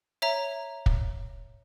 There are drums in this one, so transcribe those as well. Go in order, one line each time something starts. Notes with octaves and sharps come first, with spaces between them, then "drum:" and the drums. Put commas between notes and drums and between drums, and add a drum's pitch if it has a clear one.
C#5 E5 A#5
drum: kick